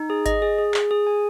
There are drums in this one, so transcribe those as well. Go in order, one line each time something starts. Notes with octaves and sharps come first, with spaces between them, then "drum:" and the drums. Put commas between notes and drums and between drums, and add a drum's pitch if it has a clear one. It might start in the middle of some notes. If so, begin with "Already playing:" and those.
Already playing: D#4
G#4
D#5, drum: kick G#1, hi-hat
G#4
G#4
G#4, drum: clap
G#4
G#5